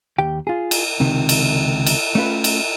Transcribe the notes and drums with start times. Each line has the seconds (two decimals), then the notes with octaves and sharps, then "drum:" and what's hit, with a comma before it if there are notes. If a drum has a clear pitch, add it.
0.18 D#2 G4 G5
0.47 F4 G#4
0.71 drum: cymbal
1.00 C#2 C3 D#3
1.29 drum: cymbal
1.86 drum: cymbal
2.15 A3 C#4 F4 B4
2.44 drum: cymbal